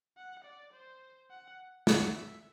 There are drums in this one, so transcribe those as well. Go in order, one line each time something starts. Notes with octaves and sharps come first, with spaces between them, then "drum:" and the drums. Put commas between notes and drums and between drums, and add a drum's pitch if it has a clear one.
F#5
D5
C5
F#5
F#5, drum: snare
E5